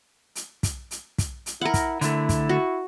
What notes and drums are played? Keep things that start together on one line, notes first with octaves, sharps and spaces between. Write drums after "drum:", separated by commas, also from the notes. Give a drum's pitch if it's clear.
drum: hi-hat
drum: kick, hi-hat
drum: hi-hat
drum: kick, hi-hat
drum: hi-hat
E4 A#4 F#5
drum: kick, hi-hat
D3 A3 E4, drum: hi-hat
drum: kick, hi-hat
F#4